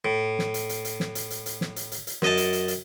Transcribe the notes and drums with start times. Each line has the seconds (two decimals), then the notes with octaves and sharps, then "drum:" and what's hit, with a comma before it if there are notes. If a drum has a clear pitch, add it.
0.05 A2
0.39 drum: snare
0.54 drum: hi-hat
0.69 drum: hi-hat
0.85 drum: hi-hat
1.00 drum: snare
1.15 drum: hi-hat
1.30 drum: hi-hat
1.46 drum: hi-hat
1.61 drum: snare
1.76 drum: hi-hat
1.92 drum: hi-hat
2.07 drum: hi-hat
2.22 F#2 D#5 A5, drum: snare
2.37 drum: hi-hat
2.53 drum: hi-hat
2.68 drum: hi-hat